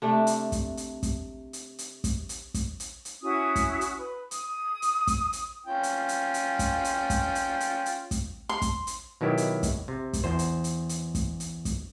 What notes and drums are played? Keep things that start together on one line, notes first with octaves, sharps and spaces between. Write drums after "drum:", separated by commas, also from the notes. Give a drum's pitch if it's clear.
C3 A3 D4
drum: hi-hat
drum: kick, hi-hat
drum: hi-hat
drum: kick, hi-hat
drum: hi-hat
drum: hi-hat
drum: kick, hi-hat
drum: hi-hat
drum: kick, hi-hat
drum: hi-hat
drum: hi-hat
C#4 E4 F#4 D#6
drum: kick, hi-hat
drum: hi-hat
B4
D#6, drum: hi-hat
drum: hi-hat
drum: kick, hi-hat
drum: hi-hat
C#4 F4 G5
drum: hi-hat
drum: hi-hat
drum: hi-hat
drum: kick, hi-hat
drum: hi-hat
drum: kick, hi-hat
drum: hi-hat
drum: hi-hat
drum: hi-hat
drum: kick, hi-hat
C6
drum: kick, hi-hat
drum: hi-hat
B2 D#3 F#3 E4 G4
drum: hi-hat
drum: kick, hi-hat
C3
drum: kick, hi-hat
E2 C5
drum: hi-hat
drum: hi-hat
drum: hi-hat
drum: kick, hi-hat
drum: hi-hat
drum: kick, hi-hat